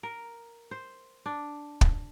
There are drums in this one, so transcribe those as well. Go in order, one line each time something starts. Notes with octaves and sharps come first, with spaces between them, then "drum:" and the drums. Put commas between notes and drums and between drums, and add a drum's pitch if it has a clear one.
A#4
C5
D4
drum: kick